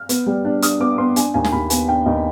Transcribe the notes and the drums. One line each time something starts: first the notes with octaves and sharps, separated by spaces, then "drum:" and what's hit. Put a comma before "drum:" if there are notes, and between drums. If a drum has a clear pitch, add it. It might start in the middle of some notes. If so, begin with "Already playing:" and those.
Already playing: F6
B3, drum: hi-hat
G3
D4
D4 D#6, drum: hi-hat
B3 D6
B3 C6
D4 G#5, drum: hi-hat
D#2 G#5
G#5, drum: snare
D#2 B5
B3 G#5, drum: hi-hat
D4 G5
D#2 D#5